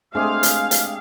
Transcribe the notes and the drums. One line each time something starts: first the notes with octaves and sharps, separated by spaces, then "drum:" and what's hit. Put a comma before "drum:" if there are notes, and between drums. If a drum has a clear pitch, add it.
G#3 A3 C4 D4 G4 G#4 F5
drum: hi-hat
drum: hi-hat